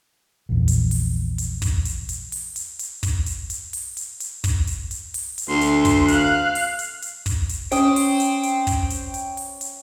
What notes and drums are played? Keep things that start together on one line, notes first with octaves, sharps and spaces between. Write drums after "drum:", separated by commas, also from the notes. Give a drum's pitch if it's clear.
A#1 E2
drum: hi-hat
drum: open hi-hat
drum: hi-hat
drum: kick, hi-hat
drum: hi-hat
drum: hi-hat
drum: open hi-hat
drum: hi-hat
drum: hi-hat
drum: kick, hi-hat
drum: hi-hat
drum: hi-hat
drum: open hi-hat
drum: hi-hat
drum: hi-hat
drum: kick, hi-hat
drum: hi-hat
drum: hi-hat
drum: open hi-hat
drum: hi-hat
D2 C6
drum: hi-hat
drum: kick, hi-hat
F5 F#6, drum: hi-hat
drum: open hi-hat
drum: hi-hat
drum: hi-hat
drum: kick, hi-hat
drum: hi-hat
C#4 C5 G5 D#6, drum: hi-hat
drum: open hi-hat
drum: hi-hat
drum: hi-hat
drum: kick, hi-hat
drum: hi-hat
drum: hi-hat
drum: open hi-hat
drum: hi-hat